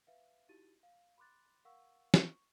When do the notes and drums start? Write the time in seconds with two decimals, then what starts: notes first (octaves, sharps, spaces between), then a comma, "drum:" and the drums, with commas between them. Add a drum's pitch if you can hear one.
0.07 B4 E5 F5
0.49 D#4 E4 F#4 G4 A6 D#7
0.83 F5
1.18 B5 C6 D6 F#6 A6
1.65 A#4 F5 F#5 C#6 E6
2.14 C#6, drum: snare